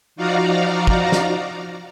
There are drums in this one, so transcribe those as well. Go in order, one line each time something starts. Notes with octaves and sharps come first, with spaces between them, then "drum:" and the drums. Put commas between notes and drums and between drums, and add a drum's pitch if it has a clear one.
F3 D#4 F#4 D5 F5 A#5
drum: kick
drum: snare